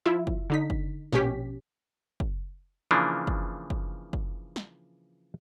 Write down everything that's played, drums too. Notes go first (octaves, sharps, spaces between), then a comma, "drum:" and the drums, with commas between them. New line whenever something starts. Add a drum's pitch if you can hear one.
F3 E4 F4 E5
drum: kick
D3 D#4 B6
drum: kick
A#1 B2 C#4 G4 B6, drum: snare
drum: kick
C#3 E3 F3 A#3 D4
drum: kick
drum: kick
drum: kick
drum: snare